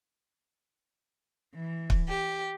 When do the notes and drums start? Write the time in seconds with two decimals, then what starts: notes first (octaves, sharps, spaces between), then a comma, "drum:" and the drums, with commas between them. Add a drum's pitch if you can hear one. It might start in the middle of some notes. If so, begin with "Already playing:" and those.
1.54 E3
1.90 drum: kick
2.09 G4